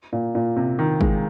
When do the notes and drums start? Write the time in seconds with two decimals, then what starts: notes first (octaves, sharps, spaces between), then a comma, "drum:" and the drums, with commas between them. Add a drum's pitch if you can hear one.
0.13 A#2
0.35 A#2
0.56 C3
0.79 D#3
1.01 G#3, drum: kick